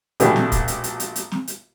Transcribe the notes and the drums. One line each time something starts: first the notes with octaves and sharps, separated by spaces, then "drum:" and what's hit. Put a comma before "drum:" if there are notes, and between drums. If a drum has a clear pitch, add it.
A#1 B2 A3 D4 G4 G#5, drum: hi-hat
drum: snare
drum: kick, hi-hat
drum: hi-hat
drum: hi-hat
drum: hi-hat
drum: hi-hat
drum: snare
drum: hi-hat